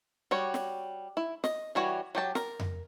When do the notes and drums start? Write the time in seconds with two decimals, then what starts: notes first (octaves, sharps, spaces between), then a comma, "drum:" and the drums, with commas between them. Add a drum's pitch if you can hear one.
0.31 G3 F#4 C#5
0.54 drum: snare
1.17 E4
1.44 D#5, drum: snare
1.75 E3 G3 F#4 C#5
2.15 F#3 G4 A5
2.35 A#4, drum: snare
2.59 drum: tom F2